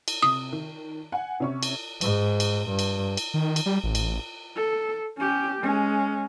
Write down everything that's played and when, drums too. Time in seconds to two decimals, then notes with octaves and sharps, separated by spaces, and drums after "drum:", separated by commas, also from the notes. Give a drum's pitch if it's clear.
0.08 drum: cymbal
0.22 C3 D#6
0.52 D#3
1.12 F#5 G#5
1.40 C3 C#4 C#6
1.63 drum: cymbal
2.01 G#2, drum: cymbal
2.40 drum: cymbal
2.68 G2
2.79 drum: cymbal
3.17 drum: cymbal
3.34 D#3
3.56 drum: cymbal
3.66 G3
3.84 A1
3.95 drum: cymbal
4.56 A4
5.18 C#4 G4
5.62 G#3 C#4